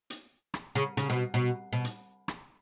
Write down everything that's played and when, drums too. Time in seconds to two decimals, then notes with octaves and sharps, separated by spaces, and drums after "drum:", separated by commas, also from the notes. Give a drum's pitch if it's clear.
0.10 drum: hi-hat
0.54 drum: rim click
0.75 C#3
0.97 C#3, drum: hi-hat
1.10 B2
1.34 B2
1.73 B2
1.84 drum: hi-hat
2.28 drum: rim click